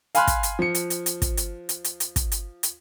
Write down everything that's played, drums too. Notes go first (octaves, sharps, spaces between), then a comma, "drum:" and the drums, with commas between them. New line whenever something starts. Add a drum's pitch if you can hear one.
F5 G#5 B5 C6 F6 F#6, drum: hi-hat
drum: kick, hi-hat
drum: hi-hat
F3 C#7
drum: hi-hat
drum: hi-hat
drum: hi-hat
drum: kick, hi-hat
drum: hi-hat
drum: hi-hat
drum: hi-hat
drum: hi-hat
drum: kick, hi-hat
drum: hi-hat
drum: hi-hat